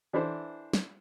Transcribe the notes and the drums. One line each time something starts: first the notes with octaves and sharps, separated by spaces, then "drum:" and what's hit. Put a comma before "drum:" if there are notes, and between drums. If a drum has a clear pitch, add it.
E3 D4 E4 A4 C5
drum: snare